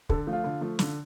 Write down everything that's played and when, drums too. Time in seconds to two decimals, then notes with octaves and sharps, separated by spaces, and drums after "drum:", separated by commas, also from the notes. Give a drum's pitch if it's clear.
0.09 D3 A4, drum: kick
0.27 F3 A3
0.33 F4
0.44 D3
0.61 F3 A3
0.79 D3, drum: snare